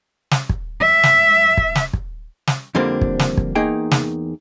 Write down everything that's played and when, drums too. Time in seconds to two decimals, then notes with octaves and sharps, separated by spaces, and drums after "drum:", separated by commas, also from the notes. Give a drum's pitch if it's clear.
0.31 drum: snare
0.49 drum: kick
0.80 E5
1.03 drum: snare
1.57 drum: kick
1.75 drum: snare
1.93 drum: kick
2.47 drum: snare
2.75 F2 D3 G3 A#3 C4 D4
3.01 drum: kick
3.19 drum: snare
3.37 drum: kick
3.55 E2 A#3 D#4 G#4 G5
3.91 drum: snare